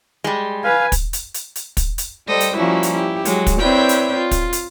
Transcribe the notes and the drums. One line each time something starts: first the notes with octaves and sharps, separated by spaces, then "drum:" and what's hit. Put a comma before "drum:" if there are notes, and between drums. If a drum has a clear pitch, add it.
G3 G#3
B4 F5 G#5
drum: kick, hi-hat
drum: hi-hat
drum: hi-hat
drum: hi-hat
drum: kick, hi-hat
drum: hi-hat
G3 A4 C5 D#5 G5
drum: hi-hat
F3 G3 A#3 C#4 E4 F#4
drum: hi-hat
E4 G4
F#3 G#3, drum: hi-hat
drum: kick, hi-hat
C4 E4 B4 C#5 D5 G5
drum: hi-hat
F4
drum: kick, hi-hat
drum: hi-hat